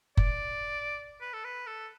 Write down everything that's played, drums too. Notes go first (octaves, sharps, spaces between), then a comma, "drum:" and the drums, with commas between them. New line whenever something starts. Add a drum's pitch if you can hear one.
D5, drum: kick F#1
B4
A4
B4
A4